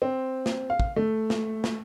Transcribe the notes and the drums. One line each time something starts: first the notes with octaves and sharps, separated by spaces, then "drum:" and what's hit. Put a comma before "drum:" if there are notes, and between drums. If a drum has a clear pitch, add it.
C4
drum: snare
F5
drum: kick
A3
drum: snare
drum: snare